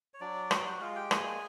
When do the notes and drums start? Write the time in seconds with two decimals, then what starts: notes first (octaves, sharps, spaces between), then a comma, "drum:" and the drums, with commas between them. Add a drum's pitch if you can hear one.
0.14 C#5
0.21 F#3 D4 D5
0.51 F#4 G4 G5, drum: rim click
0.66 F#4 F#5
0.81 G#3 F4 F5
0.95 G4 G5
1.11 A#3 G#4 G#5, drum: rim click